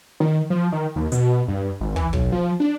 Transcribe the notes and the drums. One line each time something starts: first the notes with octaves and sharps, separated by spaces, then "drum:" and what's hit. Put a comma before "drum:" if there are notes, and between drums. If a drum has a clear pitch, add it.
D#3
F3
D#3
D#2
B2, drum: hi-hat
G2
G#1
E3, drum: kick
B1, drum: kick
F3
D4